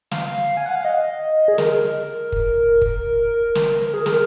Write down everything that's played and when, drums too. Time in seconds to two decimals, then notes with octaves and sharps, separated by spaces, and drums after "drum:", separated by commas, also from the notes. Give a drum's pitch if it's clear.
0.11 F5, drum: snare
0.57 G#5
0.66 F#5
0.75 F5
0.85 D#5
1.48 G#4
1.58 A#4, drum: snare
2.32 drum: kick
2.82 drum: kick
3.55 drum: snare
3.80 A#4
3.94 G#4
4.06 A#4, drum: snare